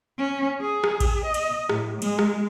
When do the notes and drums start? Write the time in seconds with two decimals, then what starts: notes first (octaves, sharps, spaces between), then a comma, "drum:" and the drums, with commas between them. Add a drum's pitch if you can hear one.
0.18 C#4
0.61 G#4
0.84 drum: rim click
1.00 drum: kick A#1, cymbal
1.25 D#5
1.34 drum: cymbal
1.69 A2, drum: rim click
2.02 G#3, drum: cymbal
2.19 drum: rim click